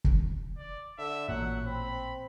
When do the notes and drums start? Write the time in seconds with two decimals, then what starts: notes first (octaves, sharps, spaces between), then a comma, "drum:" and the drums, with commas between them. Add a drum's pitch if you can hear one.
0.04 drum: kick
0.57 D5
0.98 D3 E5
1.29 A1 A#2 F#3 F#5
1.66 C4 B5